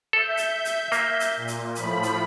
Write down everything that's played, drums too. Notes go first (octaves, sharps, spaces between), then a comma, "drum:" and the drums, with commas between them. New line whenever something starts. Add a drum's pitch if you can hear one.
A4 E5 G6
drum: hi-hat
drum: hi-hat
A#3, drum: hi-hat
drum: hi-hat
A#2
drum: hi-hat
A2 F3 B5, drum: hi-hat
drum: hi-hat